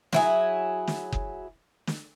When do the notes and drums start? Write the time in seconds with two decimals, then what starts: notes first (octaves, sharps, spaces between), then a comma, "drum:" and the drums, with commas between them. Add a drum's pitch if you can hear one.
0.13 F#3 E4 G#4, drum: snare
0.87 drum: snare
1.12 drum: kick F#1
1.87 drum: snare